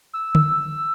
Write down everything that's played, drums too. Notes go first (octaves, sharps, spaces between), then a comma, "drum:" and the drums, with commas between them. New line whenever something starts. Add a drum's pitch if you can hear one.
E6
drum: tom D3